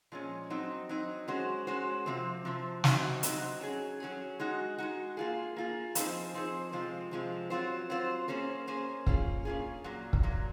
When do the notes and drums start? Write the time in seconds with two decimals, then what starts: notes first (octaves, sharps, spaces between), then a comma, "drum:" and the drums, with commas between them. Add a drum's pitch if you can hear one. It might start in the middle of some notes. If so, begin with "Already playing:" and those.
0.12 A#2 F3 G#3 C#4
0.50 F#3 C4 D#4
0.89 F#3 C4 D#4
1.28 G#3 C#4 F#4 C5
1.67 G#3 C#4 F#4 C5
2.06 C3 F3 C4
2.45 C3 F3 C4
2.84 F#3 C4 D#4 F#4, drum: snare
3.23 F#3 C4 D#4 F#4, drum: hi-hat
3.61 F#3 C#4 G#4
4.00 F#3 C#4 G#4
4.40 G#3 D#4 F#4
4.78 G#3 D#4 F#4
5.17 A#3 F4 G#4
5.56 A#3 F4 G#4
5.95 F3 C4 D#4 G#4 C5, drum: hi-hat
6.34 F3 C4 D#4 G#4 C5
6.72 C3 F3 G#3 C4 F4
7.11 C3 F3 G#3 C4 F4
7.50 F#3 C4 F4 C5
7.90 F#3 C4 F4 C5
8.28 A#3 C#4 G#4 C5
8.67 A#3 C#4 G#4 C5
9.07 A#3 C#4 F4 G#4, drum: kick
9.45 A#3 C#4 F4 G#4
9.84 A#2 F#3 A#3
10.13 drum: kick
10.23 A#2 F#3 A#3